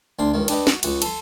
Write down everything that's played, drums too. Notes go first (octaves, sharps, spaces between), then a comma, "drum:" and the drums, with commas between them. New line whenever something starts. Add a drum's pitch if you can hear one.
D2 D4 C6
C#2 D#3
D4 G4 B4 D#5, drum: cymbal
F#4, drum: snare
C#2 F#4, drum: cymbal
A4 C6, drum: cymbal